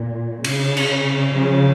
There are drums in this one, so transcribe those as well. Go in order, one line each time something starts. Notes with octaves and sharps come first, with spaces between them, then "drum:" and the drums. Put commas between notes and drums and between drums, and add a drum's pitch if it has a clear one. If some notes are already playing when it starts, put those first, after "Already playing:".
Already playing: A#2
C#3, drum: cymbal
drum: cymbal
C#3 F3